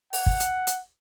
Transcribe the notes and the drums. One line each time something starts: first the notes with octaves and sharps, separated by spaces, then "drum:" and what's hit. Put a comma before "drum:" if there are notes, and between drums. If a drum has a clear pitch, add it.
F#5, drum: open hi-hat
drum: kick
drum: hi-hat
drum: hi-hat